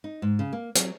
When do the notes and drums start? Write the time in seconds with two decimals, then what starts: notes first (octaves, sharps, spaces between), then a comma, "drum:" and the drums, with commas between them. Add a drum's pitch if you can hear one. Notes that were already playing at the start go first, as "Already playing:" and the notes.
0.04 D#4
0.22 G#2
0.39 C#3
0.53 A#3
0.75 F#3, drum: hi-hat